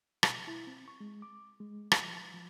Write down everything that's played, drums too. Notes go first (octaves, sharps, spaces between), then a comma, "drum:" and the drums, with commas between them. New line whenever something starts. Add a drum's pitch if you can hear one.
B2, drum: rim click
E4
C4
C#6
G#3
D6
G#3
drum: rim click
F3
F3